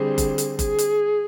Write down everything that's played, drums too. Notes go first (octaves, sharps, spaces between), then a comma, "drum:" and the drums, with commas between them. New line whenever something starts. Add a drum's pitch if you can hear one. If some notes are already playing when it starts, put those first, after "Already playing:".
Already playing: D3 G3 C4 G#4
drum: kick F#1, hi-hat
drum: hi-hat
G#4, drum: kick F#1, hi-hat
drum: hi-hat